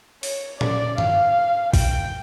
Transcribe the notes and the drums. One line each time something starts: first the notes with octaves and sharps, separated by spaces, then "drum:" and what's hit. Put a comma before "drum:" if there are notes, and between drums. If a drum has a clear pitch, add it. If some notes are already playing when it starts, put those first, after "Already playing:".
C#5, drum: open hi-hat
D5, drum: tom
F5, drum: tom G2
G5, drum: kick A1, open hi-hat